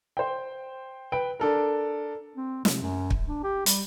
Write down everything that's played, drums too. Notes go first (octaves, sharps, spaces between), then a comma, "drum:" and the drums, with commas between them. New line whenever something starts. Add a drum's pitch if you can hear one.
C5 G5
B4 G5 D7
D4 A4 A#4
C4
C3, drum: snare
F#2
drum: kick
D4
G4
G3, drum: hi-hat